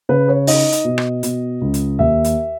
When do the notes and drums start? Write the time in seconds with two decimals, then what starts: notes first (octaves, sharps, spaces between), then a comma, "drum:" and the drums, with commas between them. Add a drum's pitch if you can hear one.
0.09 C#3 B4
0.28 C#5
0.47 D#4 D#5, drum: open hi-hat
0.72 drum: hi-hat
0.85 B2
0.98 drum: rim click
1.23 B2, drum: hi-hat
1.61 C#2
1.74 drum: hi-hat
1.99 D#2 E5
2.24 drum: hi-hat